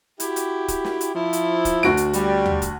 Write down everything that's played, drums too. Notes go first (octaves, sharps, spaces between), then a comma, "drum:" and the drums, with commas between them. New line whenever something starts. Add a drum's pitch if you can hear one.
E4 F#4 G4, drum: hi-hat
drum: hi-hat
drum: kick, hi-hat
drum: snare
drum: hi-hat
F3 E4
drum: hi-hat
drum: kick, hi-hat
D2 F#4 D7, drum: snare
drum: hi-hat
G3, drum: hi-hat
drum: tom D#2
drum: kick, hi-hat